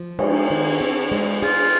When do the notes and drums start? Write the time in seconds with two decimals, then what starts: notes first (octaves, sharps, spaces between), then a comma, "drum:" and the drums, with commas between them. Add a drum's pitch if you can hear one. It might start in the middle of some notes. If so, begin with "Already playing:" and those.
Already playing: F3
0.19 G#3, drum: cymbal
0.50 D#3
0.81 C4
1.12 G#3
1.42 F4 G#4